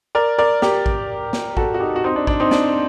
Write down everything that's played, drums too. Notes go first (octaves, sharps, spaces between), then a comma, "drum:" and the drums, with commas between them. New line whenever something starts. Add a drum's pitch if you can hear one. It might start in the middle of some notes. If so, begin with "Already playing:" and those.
A#4 D5
A#4 D5
G4 A#4, drum: snare
drum: kick A1
drum: snare
F#4 A4, drum: kick A1
F#4
D#4 G4
F#4
C4 D#4
D4
D4, drum: kick A1
C4 D#4
D4, drum: snare